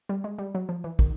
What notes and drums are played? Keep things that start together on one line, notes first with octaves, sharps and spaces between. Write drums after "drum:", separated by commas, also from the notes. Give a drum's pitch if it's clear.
G3
G#3
G3
F#3
F3
E3
D#3, drum: kick